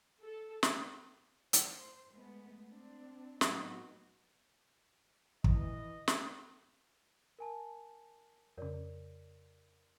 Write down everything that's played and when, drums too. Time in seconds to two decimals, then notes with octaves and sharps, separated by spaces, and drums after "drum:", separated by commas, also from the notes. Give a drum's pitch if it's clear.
0.22 A4
0.63 drum: snare
1.53 C5, drum: hi-hat
2.12 G#3 A3 B3
2.67 C4 D4
3.41 A2 F#3 B3 D#4 F#4, drum: snare
5.44 E3 D#5, drum: kick
6.08 drum: snare
7.39 A#4 G#5 A5
8.58 F2 C#3 A#4 C#5 D5